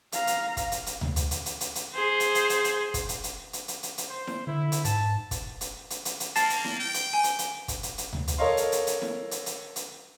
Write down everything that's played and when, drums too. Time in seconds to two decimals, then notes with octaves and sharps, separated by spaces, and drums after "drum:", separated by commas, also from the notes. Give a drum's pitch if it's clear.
0.12 F5 A#5, drum: hi-hat
0.27 drum: hi-hat
0.57 drum: kick, hi-hat
0.72 drum: hi-hat
0.86 drum: hi-hat
1.01 drum: tom D2
1.16 drum: hi-hat
1.31 drum: hi-hat
1.46 drum: hi-hat
1.61 drum: hi-hat
1.75 drum: hi-hat
1.94 G#4 C5
2.20 drum: hi-hat
2.35 drum: hi-hat
2.49 drum: hi-hat
2.64 drum: hi-hat
2.94 drum: kick, hi-hat
3.09 drum: hi-hat
3.24 drum: hi-hat
3.53 drum: hi-hat
3.68 drum: hi-hat
3.83 drum: hi-hat
3.98 drum: hi-hat
4.09 C5
4.27 drum: snare E4
4.47 D3 E4
4.72 drum: hi-hat
4.85 G#2 A5, drum: hi-hat
5.31 drum: kick, hi-hat
5.61 drum: hi-hat
5.90 drum: hi-hat
6.05 drum: hi-hat
6.20 drum: hi-hat
6.36 A#3 A5 A6 C7, drum: hi-hat
6.50 drum: hi-hat
6.64 drum: snare E4
6.79 G5
6.94 drum: hi-hat
7.13 G#5
7.24 drum: hi-hat
7.39 drum: hi-hat
7.68 drum: kick, hi-hat
7.83 drum: hi-hat
7.98 drum: hi-hat
8.13 drum: tom D2
8.28 drum: hi-hat
8.38 A4 A#4 C#5 D#5 F5 C6
8.57 drum: hi-hat
8.72 drum: hi-hat
8.87 drum: hi-hat
9.02 drum: snare E4
9.31 drum: hi-hat
9.46 drum: hi-hat
9.76 drum: hi-hat